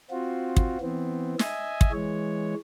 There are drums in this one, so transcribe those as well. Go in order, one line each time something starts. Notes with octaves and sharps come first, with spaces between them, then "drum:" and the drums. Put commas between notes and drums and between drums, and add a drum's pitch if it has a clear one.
C4 F4 F#4
drum: kick
E3 B3 C4
D#5 E5 G#5, drum: snare
drum: kick
E3 G#3 C#5